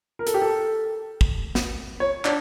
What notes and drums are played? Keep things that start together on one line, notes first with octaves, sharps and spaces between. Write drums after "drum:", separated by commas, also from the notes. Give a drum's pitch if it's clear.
A#4
A4, drum: hi-hat
G4
A4
drum: kick
drum: snare
C#5
D4, drum: clap